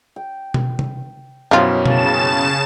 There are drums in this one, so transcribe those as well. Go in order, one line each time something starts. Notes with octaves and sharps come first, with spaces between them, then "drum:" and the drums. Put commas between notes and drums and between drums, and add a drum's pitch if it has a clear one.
G5
drum: tom B2
drum: tom C3
F#2 B2 F3 E4 F4 G4 C#5
C#3 A#3 A5 E7, drum: tom B2